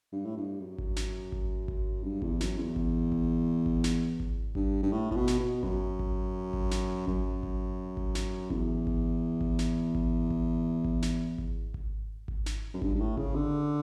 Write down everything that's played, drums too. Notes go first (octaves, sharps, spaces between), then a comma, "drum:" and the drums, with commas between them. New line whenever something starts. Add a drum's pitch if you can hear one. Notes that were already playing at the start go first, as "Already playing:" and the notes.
G2
A2
G2
F#2
drum: kick G#1
drum: snare
drum: kick G#1
drum: kick G#1
G2
E2, drum: kick G#1
F#2, drum: snare
E2
drum: kick G#1
drum: kick G#1
drum: kick G#1
drum: snare
drum: kick G#1
G2, drum: kick G#1
G2
A2
A2, drum: kick G#1
B2
drum: snare
B2
F#2, drum: kick G#1
drum: kick G#1
drum: kick G#1
drum: snare
F#2, drum: kick G#1
drum: kick G#1
drum: kick G#1
drum: snare
E2, drum: kick G#1
drum: kick G#1
drum: kick G#1
drum: snare
drum: kick G#1
drum: kick G#1
drum: kick G#1
drum: snare
drum: kick G#1
drum: kick G#1
drum: kick G#1
drum: snare
F#2
G2, drum: kick G#1
G2
A2
C#3, drum: kick G#1
D3